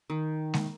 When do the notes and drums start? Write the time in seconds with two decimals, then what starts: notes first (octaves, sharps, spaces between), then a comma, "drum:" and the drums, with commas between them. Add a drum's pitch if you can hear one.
0.10 D#3
0.54 drum: snare G#3